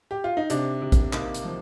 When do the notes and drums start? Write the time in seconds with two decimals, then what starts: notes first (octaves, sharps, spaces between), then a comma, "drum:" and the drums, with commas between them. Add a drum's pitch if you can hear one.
0.11 G4
0.24 F4
0.37 D#4
0.50 C3 D4, drum: hi-hat
0.82 C3
0.92 drum: kick A1, hi-hat
1.13 A#3 D#4, drum: clap
1.35 drum: hi-hat
1.45 F3